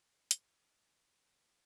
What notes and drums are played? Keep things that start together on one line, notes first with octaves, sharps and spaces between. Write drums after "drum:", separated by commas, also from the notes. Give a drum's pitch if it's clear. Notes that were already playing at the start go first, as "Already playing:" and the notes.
C4 A#4 D5 D#5
D4 A4, drum: hi-hat
C#3 E3 F#3 G#3 A3 B3
D#3 E3 G3 D5 E5
F4 F#4